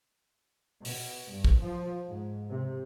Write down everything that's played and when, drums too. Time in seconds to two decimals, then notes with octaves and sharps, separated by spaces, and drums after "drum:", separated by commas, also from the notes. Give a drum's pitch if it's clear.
0.85 B2, drum: open hi-hat
1.30 G2
1.44 drum: kick
1.59 F3
2.06 G#2
2.50 C3